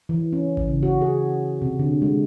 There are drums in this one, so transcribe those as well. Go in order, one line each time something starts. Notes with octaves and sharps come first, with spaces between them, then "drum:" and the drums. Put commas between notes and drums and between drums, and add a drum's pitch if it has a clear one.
E3
C#4
drum: kick G#1
C#3
F#4
G#4
C3
D3
G#3